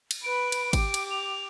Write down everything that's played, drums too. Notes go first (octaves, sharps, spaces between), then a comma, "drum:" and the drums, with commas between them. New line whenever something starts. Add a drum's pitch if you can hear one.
drum: cymbal
B4 B5 D7
drum: cymbal
G4 D6, drum: kick G#1, cymbal
drum: cymbal
F7